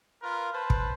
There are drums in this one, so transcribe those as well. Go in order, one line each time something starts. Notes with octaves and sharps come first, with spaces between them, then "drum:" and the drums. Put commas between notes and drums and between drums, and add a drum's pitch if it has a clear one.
F4 A#4 B4
B4 C5 A5
drum: kick